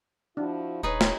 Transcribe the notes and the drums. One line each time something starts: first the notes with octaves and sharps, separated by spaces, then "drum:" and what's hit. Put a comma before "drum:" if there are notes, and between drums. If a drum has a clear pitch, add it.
F3 D4 E4 F#4
D#1 D#4 G#4 B4 C#5
drum: snare